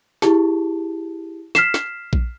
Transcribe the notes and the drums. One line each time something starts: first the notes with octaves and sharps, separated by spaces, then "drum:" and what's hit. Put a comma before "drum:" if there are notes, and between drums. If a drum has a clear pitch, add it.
E4 G4 G#4 A5, drum: snare
F6 B6 C7 E7, drum: snare
drum: snare
drum: kick A#1